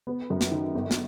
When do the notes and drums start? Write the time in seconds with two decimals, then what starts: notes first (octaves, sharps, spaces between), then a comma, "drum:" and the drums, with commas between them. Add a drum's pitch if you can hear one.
0.07 B3
0.30 F#2
0.41 drum: snare
0.51 D#3
0.75 G1
0.91 drum: snare